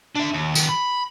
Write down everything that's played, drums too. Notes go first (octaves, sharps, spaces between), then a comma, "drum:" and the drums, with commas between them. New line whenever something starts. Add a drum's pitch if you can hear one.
D4 E5
D#2
D#3 B3, drum: tambourine
B5